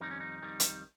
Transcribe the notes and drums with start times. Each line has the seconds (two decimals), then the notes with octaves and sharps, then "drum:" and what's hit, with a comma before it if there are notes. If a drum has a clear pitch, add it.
0.01 F2 D#3 G3 D#4
0.11 C#4
0.20 D#4
0.42 F2 D#3 G3
0.60 drum: hi-hat